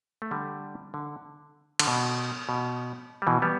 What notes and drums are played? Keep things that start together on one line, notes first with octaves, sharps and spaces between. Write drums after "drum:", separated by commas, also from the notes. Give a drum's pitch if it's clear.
A3
D3 G3
D3
D3, drum: cymbal
B2
B2
G3
B2 E3
G3 B3